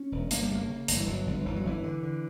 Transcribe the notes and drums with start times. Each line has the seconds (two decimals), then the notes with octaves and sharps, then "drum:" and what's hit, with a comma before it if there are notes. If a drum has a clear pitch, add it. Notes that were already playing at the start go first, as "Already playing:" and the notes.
Already playing: C#4
0.12 E1
0.31 G1 A#3, drum: hi-hat
0.43 G3
0.50 C#3 A#3
0.69 C#3
0.88 G1, drum: hi-hat
0.97 E3
1.07 G1 F#3
1.27 G1
1.46 G1 E3
1.56 F#3
1.65 G1 E3
1.84 D3
2.03 D3